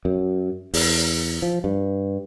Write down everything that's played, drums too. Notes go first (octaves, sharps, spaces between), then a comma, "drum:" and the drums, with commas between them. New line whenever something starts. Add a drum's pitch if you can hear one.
F#2
E2, drum: open hi-hat
F3
G2